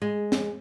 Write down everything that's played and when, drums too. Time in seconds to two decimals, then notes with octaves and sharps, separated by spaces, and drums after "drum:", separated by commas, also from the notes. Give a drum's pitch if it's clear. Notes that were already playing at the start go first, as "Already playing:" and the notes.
0.02 G#3
0.32 drum: snare